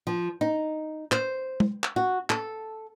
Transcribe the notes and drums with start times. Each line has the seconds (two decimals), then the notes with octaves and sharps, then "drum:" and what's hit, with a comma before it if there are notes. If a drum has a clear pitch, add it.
0.07 F3
0.41 D#4
1.11 C5, drum: clap
1.60 drum: tom
1.83 drum: clap
1.96 F#4
2.30 A4, drum: clap